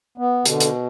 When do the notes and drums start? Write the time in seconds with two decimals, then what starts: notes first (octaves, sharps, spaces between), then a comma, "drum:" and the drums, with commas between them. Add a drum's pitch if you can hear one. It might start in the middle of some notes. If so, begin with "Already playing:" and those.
0.18 B3
0.45 B2 D3, drum: hi-hat
0.60 drum: hi-hat